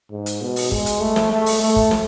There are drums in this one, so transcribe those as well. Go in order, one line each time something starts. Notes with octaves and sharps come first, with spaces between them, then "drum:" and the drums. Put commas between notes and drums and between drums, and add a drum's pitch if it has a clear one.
G#2
drum: hi-hat
B2
drum: open hi-hat
G#3, drum: kick G1
drum: hi-hat
A3
drum: snare
A3
drum: open hi-hat
A3
drum: kick G1
drum: snare